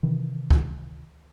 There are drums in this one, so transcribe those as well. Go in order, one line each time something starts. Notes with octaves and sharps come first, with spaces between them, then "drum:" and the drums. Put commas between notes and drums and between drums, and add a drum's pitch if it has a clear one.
C3 D#3 E3
drum: kick C#2